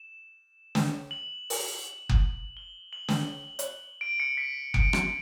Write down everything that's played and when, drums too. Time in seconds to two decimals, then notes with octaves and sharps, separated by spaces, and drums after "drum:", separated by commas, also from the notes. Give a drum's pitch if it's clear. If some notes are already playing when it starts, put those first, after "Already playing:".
Already playing: E7
0.75 drum: snare
1.11 F#7
1.50 drum: open hi-hat
2.09 drum: kick F#1
2.57 G7
2.93 F#7
3.08 drum: snare
3.59 drum: hi-hat
4.01 D7
4.20 C#7
4.37 B6
4.74 D7, drum: kick F#1
4.93 drum: rim click